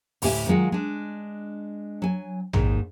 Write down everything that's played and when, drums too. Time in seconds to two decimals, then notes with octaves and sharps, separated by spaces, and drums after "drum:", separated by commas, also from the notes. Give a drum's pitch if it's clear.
0.22 D2 A2 G4 E5 G#5, drum: open hi-hat
0.47 D#3 F#3 G#3 F4 F#5
0.72 G#3 D4
2.02 F#3 G#5
2.53 D#2 G#2 D#3, drum: tom